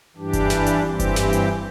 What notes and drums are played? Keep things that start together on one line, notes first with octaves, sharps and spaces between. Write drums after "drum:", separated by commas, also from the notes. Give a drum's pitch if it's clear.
G2 E3 G3 D4 G4
drum: kick F#1, hi-hat
drum: snare
drum: hi-hat
G2 E3 C4 G4
drum: kick F#1, hi-hat
drum: snare
drum: hi-hat